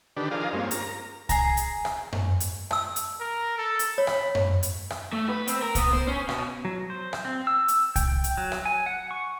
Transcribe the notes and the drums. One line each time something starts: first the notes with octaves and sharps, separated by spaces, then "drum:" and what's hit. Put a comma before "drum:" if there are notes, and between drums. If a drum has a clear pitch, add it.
D3 D#3 D4 G4 B4
F3 D4 G#4 A#4 D#5 F5
G2 G#3 A#3 C4 C#4 F4
A#4 A#5, drum: hi-hat
G#4 A#5, drum: kick C2, hi-hat
drum: hi-hat
drum: rim click
drum: tom F#2
drum: hi-hat
A5 E6, drum: rim click
drum: hi-hat
A#4
A4
drum: hi-hat
C#5 B5
drum: rim click
drum: tom F#2
drum: hi-hat
drum: rim click
A3
B4
C4, drum: hi-hat
A#4
B3, drum: kick C2, hi-hat
C5
C#4
B2, drum: rim click
F#3
C5
drum: rim click
C4
E6
drum: hi-hat
G5, drum: kick C2, hi-hat
drum: hi-hat
F#3
drum: rim click
G#5
F#5
C#6